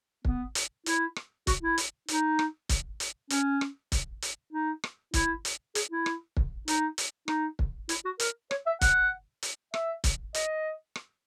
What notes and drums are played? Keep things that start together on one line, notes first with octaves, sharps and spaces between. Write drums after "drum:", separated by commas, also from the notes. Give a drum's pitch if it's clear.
B3, drum: kick
drum: hi-hat
E4, drum: hi-hat
drum: rim click
F#4, drum: kick, hi-hat
E4
drum: hi-hat
D#4, drum: hi-hat
drum: rim click
drum: kick, hi-hat
drum: hi-hat
C#4, drum: hi-hat
drum: rim click
drum: kick, hi-hat
drum: hi-hat
D#4
drum: rim click
E4, drum: kick, hi-hat
drum: hi-hat
G#4, drum: hi-hat
E4
drum: rim click
drum: kick
D#4, drum: hi-hat
drum: hi-hat
D#4, drum: rim click
drum: kick
E4, drum: hi-hat
F#4
A#4, drum: hi-hat
C#5, drum: rim click
E5
F#5, drum: kick, hi-hat
drum: hi-hat
E5, drum: rim click
drum: kick, hi-hat
D#5, drum: hi-hat
drum: rim click